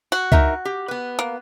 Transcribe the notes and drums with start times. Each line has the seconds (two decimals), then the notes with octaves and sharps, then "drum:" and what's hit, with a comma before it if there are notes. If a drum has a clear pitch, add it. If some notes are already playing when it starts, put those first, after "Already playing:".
0.12 F#4
0.32 D#4 A#4 E5, drum: kick C#2
0.65 G4
0.88 B3 B4
1.19 A#3